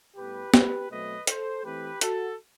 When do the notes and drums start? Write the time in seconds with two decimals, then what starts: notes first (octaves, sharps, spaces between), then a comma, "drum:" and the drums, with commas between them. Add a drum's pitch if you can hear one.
0.16 A2 G3 B3 G4 B4
0.54 G4 B4, drum: snare
0.90 B2 F#3 A3 C4 B4 D#5
1.27 A4 C5, drum: hi-hat
1.64 E3 A3 C4 G4 B4
2.01 F#4 A4, drum: hi-hat